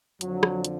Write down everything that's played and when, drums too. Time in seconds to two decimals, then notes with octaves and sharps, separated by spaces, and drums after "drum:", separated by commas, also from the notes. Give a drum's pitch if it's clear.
0.21 F2 D3 F3 F#3, drum: hi-hat
0.43 drum: rim click
0.65 drum: hi-hat